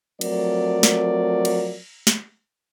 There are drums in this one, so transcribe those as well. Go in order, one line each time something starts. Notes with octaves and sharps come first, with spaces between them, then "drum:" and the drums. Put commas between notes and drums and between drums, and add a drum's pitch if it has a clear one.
F3 F#3 A3 C4 A#4 D5, drum: cymbal
drum: snare
drum: cymbal
drum: snare